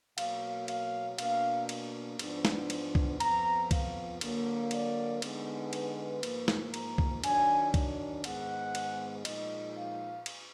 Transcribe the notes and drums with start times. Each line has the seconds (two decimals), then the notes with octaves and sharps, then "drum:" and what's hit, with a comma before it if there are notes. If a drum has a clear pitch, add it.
0.18 B2 F#3 A#3 F5, drum: cymbal
0.68 F5, drum: cymbal
1.19 B2 A#3 D4 F5, drum: cymbal
1.69 drum: cymbal
2.19 G#2 F3 B3 D4, drum: cymbal
2.45 drum: snare
2.70 drum: cymbal
2.95 drum: kick C2
3.20 F2 F3 B3 A#5, drum: cymbal
3.71 F5, drum: kick C2, cymbal
4.21 D3 F#3 A#3, drum: cymbal
4.71 D5, drum: cymbal
5.22 D3 G#3 B3 D#4, drum: cymbal
5.73 B4, drum: cymbal
6.23 G#2 F3 A#3, drum: cymbal
6.48 drum: snare
6.74 A#5, drum: cymbal
6.98 drum: kick C2
7.24 D#3 F#3 D4 G#5, drum: cymbal
7.74 drum: kick C2, cymbal
8.24 G#2 D#3 G#3 B3 F#5, drum: cymbal
8.75 drum: cymbal
9.25 A#2 F3 G#3 D#4 D#5, drum: cymbal
9.76 F5
10.26 drum: cymbal